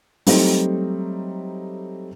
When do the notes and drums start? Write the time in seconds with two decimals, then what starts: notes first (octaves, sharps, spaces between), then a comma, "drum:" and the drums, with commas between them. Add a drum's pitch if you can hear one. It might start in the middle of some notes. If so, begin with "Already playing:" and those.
0.27 F#3 G3 A3 C4 D#4, drum: open hi-hat